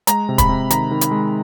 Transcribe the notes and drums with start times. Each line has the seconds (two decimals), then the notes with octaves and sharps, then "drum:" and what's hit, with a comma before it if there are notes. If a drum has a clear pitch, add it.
0.07 G#3 A#5, drum: hi-hat
0.29 C3
0.38 B5, drum: kick, hi-hat
0.49 C3
0.70 D#3 A#5, drum: hi-hat
0.91 D#3
1.01 drum: hi-hat
1.11 G#3